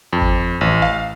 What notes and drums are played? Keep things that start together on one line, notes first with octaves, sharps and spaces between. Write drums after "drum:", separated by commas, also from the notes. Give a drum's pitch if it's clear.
F2
drum: kick G1
A1
F5